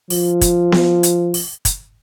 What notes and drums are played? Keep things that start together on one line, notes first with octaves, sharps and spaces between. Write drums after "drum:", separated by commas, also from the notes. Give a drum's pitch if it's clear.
F3, drum: open hi-hat
drum: kick, hi-hat
drum: snare B3
drum: hi-hat
drum: open hi-hat
drum: kick, hi-hat